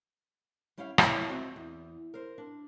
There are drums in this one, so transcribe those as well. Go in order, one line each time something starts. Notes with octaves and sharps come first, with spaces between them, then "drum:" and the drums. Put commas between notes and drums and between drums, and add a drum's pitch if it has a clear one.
G3 C#4 E4 C#5 F5
F2 E4 C#5, drum: rim click
C4 F#4 D#5 E5
E2
A#4 C5
D4